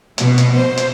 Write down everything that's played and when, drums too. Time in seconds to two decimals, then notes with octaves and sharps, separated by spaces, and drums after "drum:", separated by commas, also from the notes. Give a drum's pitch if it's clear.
0.18 B2, drum: hi-hat
0.38 drum: hi-hat
0.53 C5
0.77 drum: hi-hat